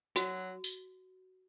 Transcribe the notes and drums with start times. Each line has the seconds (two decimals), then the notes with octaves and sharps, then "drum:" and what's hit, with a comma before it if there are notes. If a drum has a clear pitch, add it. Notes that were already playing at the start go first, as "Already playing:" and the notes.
0.16 F#3 F#4, drum: hi-hat
0.64 drum: tambourine